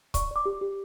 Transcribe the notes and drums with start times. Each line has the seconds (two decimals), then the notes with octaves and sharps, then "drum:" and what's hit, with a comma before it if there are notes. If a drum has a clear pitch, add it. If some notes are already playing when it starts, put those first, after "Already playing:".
0.14 D5 C#6, drum: kick C#1, hi-hat
0.31 D5 D6
0.46 G4
0.61 G4